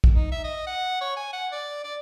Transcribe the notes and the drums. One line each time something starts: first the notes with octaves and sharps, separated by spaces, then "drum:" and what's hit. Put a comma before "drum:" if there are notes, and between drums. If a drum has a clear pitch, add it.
drum: kick
D#4
E5
D#5
F#5
C#5
G#5
F#5
D5
D5